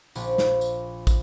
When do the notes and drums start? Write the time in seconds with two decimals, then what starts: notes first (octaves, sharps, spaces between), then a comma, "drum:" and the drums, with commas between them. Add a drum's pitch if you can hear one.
0.15 A#1, drum: tambourine
0.38 drum: snare
0.61 drum: tambourine
1.07 drum: kick, tambourine